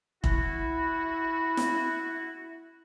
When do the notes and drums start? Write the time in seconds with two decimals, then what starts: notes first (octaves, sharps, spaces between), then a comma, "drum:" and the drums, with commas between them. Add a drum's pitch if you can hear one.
0.24 E4 F#4, drum: kick
1.57 drum: snare